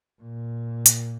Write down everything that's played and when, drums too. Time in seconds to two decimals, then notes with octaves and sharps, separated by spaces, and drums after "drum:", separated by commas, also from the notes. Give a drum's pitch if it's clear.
0.22 A#2
0.86 drum: hi-hat